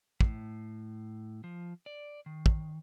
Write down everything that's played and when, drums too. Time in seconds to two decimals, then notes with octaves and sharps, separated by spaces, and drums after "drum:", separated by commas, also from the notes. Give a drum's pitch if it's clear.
0.21 A2, drum: kick
1.44 F3
1.86 D5
2.26 D#3
2.46 drum: kick